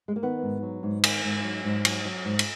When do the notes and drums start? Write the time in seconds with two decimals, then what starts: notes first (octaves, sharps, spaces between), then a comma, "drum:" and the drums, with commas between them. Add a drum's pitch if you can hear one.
0.08 G#3
0.16 A#3
0.23 D#3 B3
0.43 G#2
0.62 F#3
0.83 G#2
1.04 D#3, drum: cymbal
1.24 G#2
1.44 F#3
1.64 G#2
1.85 F#3, drum: cymbal
2.05 F#3
2.25 G#2
2.39 drum: cymbal